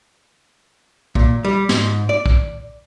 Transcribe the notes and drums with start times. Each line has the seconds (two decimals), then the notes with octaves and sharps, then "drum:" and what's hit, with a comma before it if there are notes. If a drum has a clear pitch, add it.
1.15 A#2, drum: kick
1.44 G3
1.69 G#2, drum: snare
2.09 D5
2.26 drum: kick